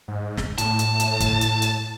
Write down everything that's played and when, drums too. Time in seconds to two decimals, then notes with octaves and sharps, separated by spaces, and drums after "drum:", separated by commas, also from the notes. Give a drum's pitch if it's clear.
0.08 G#2
0.37 drum: snare
0.58 A2 A5, drum: hi-hat
0.79 drum: hi-hat
1.00 drum: hi-hat
1.20 drum: kick, hi-hat
1.41 drum: hi-hat
1.62 drum: hi-hat